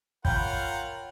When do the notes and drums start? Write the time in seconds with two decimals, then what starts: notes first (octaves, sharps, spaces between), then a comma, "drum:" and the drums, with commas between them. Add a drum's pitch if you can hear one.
0.25 F4 A#4 C#5 F#5 G5 B5 G6, drum: kick